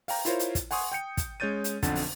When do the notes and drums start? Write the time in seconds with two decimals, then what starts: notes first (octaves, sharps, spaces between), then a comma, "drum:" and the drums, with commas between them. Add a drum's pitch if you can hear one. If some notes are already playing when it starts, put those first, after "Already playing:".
0.08 F5 G5 A#5, drum: open hi-hat
0.25 E4 F4 A#4 C5 C#5, drum: hi-hat
0.39 drum: hi-hat
0.55 drum: kick, hi-hat
0.71 F#5 G#5 C6 C#6 D#6, drum: open hi-hat
0.92 G5 G6 C#7
1.17 drum: kick, hi-hat
1.40 G#3 C#4 C#5 G6 A6 D#7
1.64 drum: hi-hat
1.82 B1 F2 D3 F#5 A6, drum: kick, hi-hat
1.95 drum: open hi-hat